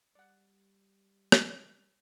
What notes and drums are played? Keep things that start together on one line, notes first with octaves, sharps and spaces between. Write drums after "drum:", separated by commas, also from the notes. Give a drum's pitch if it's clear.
G3 D5 F#5
drum: rim click